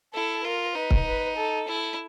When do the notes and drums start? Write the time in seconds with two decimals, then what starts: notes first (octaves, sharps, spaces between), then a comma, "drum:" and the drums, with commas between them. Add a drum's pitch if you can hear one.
0.14 E4 A4
0.44 F4 A#4
0.75 D#4 B4
0.91 drum: kick C#1
1.05 B4
1.36 A4
1.67 E4